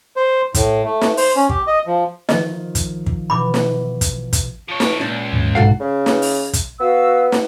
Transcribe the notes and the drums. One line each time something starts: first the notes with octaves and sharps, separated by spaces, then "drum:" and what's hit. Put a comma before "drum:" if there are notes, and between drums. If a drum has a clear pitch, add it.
C5
A2, drum: kick, hi-hat
A3
drum: snare
C5, drum: open hi-hat
C#4
G4, drum: kick
D#5
F3
D#3 F3 D#5, drum: snare
drum: kick, hi-hat
drum: kick
B2 E3 B5 D6
drum: snare
drum: kick, hi-hat
drum: kick, hi-hat
F3 C#5
drum: snare
C#2 A#2 D4
D#2 G#2 F3
B1 G#2 C3 F#4 A4 F5 F#5
C#3
drum: snare
drum: open hi-hat
drum: kick, hi-hat
B3 F#4 F5 E6
drum: snare